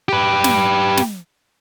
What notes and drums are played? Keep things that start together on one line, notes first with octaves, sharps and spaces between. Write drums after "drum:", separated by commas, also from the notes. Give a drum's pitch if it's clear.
G4 B4
drum: snare
drum: snare